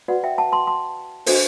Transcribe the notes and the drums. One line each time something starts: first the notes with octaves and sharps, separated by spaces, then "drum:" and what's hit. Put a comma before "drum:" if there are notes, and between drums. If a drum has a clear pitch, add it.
F#4 B4 D5 F#5
E5 G5
F#5 A5
A5 C6
A5 C6
D4 F#4 A4 C5, drum: open hi-hat